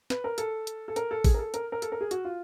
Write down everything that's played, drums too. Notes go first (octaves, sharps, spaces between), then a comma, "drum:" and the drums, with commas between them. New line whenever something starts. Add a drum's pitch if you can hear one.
B4, drum: snare
A#4
A4, drum: hi-hat
drum: hi-hat
A4
A#4, drum: hi-hat
A4
G#4, drum: kick A1, open hi-hat
A#4
A4
A#4, drum: hi-hat
A#4
A4, drum: hi-hat
A#4
G#4
F#4, drum: hi-hat
F4